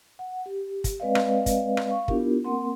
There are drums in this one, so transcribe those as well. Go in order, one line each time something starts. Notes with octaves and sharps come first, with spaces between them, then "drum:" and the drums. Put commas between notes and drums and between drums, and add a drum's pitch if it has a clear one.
F#5
G4
drum: kick, hi-hat
G#3 C4 B4 D5 D#5 F5
drum: rim click
drum: kick, hi-hat
drum: rim click
F5 C#6
B3 D4 E4 F4 G4 A#4, drum: kick
A#3 C4 A#4 F#5 C6